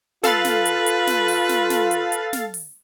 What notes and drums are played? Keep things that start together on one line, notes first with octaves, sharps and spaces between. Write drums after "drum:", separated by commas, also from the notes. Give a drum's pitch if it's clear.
F4 A4 B4 F5 A6, drum: snare
drum: snare
drum: hi-hat
drum: hi-hat
drum: snare
drum: open hi-hat
drum: snare
drum: snare
drum: hi-hat
drum: hi-hat
drum: snare
drum: open hi-hat